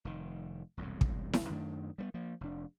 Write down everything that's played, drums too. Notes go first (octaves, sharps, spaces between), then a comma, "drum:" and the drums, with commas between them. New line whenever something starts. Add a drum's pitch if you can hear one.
F1 D#3
E1 C2 F2 A2
drum: kick
drum: snare E4
F#2 D#3 A3 D4
G3 A3 B3
F3 A#3
F1 D4